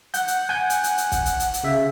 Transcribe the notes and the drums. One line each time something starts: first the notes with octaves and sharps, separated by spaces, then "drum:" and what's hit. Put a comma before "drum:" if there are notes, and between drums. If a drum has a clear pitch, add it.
F#5 G6, drum: hi-hat
drum: hi-hat
G#5 G6 G#6
drum: hi-hat
drum: hi-hat
drum: hi-hat
drum: kick, hi-hat
drum: hi-hat
drum: hi-hat
drum: hi-hat
C#3 E5